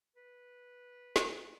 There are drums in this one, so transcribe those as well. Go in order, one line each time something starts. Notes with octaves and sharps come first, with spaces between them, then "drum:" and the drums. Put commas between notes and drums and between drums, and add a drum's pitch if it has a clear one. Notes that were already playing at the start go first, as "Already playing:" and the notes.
B4
drum: snare